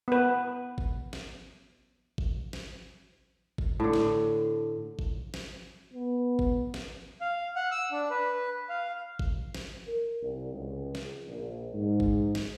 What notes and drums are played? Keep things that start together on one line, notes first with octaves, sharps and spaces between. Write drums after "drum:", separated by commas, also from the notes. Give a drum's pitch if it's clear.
B3 B4
drum: kick G1
drum: snare
drum: kick G1
drum: snare
drum: kick G1
A2 D3
drum: snare
drum: kick G1
drum: snare
B3
drum: kick G1
drum: snare
F5
F#5
E6
D4
B4
F5
drum: kick G1
drum: snare
A#4
C2
C#2
drum: snare
A#1
G#2
drum: kick G1
drum: snare